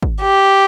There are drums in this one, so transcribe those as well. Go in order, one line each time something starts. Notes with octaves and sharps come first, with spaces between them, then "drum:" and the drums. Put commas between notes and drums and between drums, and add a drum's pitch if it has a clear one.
drum: kick
G4